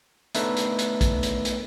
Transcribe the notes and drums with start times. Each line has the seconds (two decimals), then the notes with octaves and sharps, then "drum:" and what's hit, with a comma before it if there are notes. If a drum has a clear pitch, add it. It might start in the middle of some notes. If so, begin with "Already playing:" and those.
0.35 A3 B3 D4 D#4 B4 E5, drum: hi-hat
0.57 drum: hi-hat
0.79 drum: hi-hat
1.01 drum: kick A#1, hi-hat
1.23 drum: hi-hat
1.45 drum: hi-hat